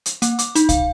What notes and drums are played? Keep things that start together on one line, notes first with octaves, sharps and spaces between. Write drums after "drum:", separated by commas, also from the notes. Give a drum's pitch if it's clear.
drum: hi-hat
A#3, drum: hi-hat
D6, drum: hi-hat
D#4, drum: hi-hat
F5, drum: kick C2, hi-hat